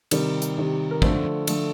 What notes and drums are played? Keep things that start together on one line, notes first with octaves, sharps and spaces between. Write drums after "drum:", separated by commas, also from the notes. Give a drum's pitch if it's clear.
C3 D#3 G3 A#4, drum: cymbal
drum: hi-hat
C3 D#3 G3
A#4
D3 F3 A3 C5, drum: kick
D3 F3 A3, drum: cymbal